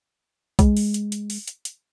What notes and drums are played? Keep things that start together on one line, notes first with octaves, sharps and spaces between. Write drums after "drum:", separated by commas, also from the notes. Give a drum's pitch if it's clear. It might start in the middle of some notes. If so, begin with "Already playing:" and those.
G#3, drum: kick B1, hi-hat
drum: open hi-hat
drum: hi-hat
drum: hi-hat
drum: open hi-hat
drum: hi-hat
drum: hi-hat